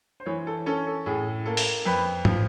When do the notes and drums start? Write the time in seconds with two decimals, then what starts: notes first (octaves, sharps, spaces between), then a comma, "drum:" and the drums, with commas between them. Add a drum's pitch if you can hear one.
0.20 C5
0.26 E3 C#5
0.47 A4
0.66 C#4 A4
0.87 A4
1.06 A2 G#4
1.46 A#3 A4
1.57 drum: open hi-hat
1.85 F2 B4
2.25 F3, drum: tom